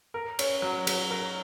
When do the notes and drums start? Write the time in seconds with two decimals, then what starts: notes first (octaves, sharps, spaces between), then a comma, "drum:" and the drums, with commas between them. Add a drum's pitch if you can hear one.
0.14 A#4
0.39 C#4, drum: cymbal
0.62 F#3
0.87 F#3, drum: cymbal
1.10 A#4